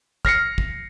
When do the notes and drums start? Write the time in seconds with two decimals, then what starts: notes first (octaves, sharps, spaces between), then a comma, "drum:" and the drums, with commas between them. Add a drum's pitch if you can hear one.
0.25 F6 A#6 C7 C#7, drum: kick
0.58 drum: kick